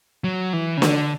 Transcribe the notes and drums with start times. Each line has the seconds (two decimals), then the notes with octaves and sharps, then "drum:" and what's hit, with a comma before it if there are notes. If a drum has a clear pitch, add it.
0.24 F#3
0.53 E3
0.77 C#3
0.82 D3, drum: snare